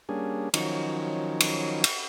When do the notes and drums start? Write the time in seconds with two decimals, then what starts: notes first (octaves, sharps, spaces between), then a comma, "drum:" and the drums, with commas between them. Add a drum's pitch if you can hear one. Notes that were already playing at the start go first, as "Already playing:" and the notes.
0.09 G3 A#3 C#4 D4 G#4
0.54 D#3 F3 F#3 C#4 D#4, drum: cymbal
1.40 drum: cymbal
1.84 drum: cymbal